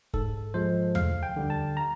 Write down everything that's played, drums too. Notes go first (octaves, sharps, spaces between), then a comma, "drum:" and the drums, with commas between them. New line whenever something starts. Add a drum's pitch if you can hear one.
G#2 A4, drum: kick
F3 G#3 C5
D2 F5, drum: tom E2
G5
D3 G3
A5
A#5